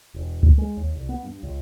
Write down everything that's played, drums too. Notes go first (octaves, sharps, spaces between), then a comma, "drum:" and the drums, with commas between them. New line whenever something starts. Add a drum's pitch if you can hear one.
E1
drum: kick
G#3
D#2
C2
B3
G2
C#2